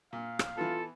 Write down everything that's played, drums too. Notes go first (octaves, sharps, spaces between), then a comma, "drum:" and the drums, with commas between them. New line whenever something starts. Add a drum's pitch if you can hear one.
A#2 F5
drum: rim click
E3 B3 F4 A4